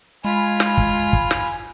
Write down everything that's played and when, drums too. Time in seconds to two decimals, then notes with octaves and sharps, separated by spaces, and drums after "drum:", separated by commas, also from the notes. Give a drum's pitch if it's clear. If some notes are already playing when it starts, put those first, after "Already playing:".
0.25 G#3 F4 G#5 B5
0.60 drum: snare
0.78 drum: kick
1.13 drum: kick
1.31 drum: snare